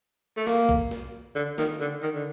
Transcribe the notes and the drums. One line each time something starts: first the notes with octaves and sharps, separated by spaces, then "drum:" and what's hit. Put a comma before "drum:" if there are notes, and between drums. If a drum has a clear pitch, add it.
A3
A#3, drum: snare
drum: kick A#1
drum: snare
D3
D#3, drum: snare
D3
D#3
D3